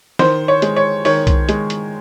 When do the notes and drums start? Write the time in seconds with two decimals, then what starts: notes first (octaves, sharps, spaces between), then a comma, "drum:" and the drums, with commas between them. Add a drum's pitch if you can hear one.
0.19 D#3 C5, drum: snare
0.48 C#5
0.62 G#3, drum: hi-hat
0.76 C#5
1.05 D#3 C#5, drum: open hi-hat
1.27 drum: kick B1, hi-hat
1.49 G#3, drum: hi-hat
1.70 drum: hi-hat